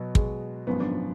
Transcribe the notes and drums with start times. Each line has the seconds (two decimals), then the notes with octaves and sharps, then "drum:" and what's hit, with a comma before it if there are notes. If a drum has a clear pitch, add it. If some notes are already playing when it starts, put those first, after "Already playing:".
Already playing: B2 F#3 B3
0.15 G#3, drum: kick
0.67 G#1 F#2 F3 B3
0.80 D4